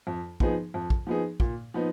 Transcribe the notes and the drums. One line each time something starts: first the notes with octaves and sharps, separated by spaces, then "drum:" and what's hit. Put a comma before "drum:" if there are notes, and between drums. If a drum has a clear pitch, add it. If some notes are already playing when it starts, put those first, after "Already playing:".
F2
F3 B3 D#4 G#4, drum: kick
F2
drum: kick
F3 B3 D#4 G#4
A#2, drum: kick
F3 B3 D#4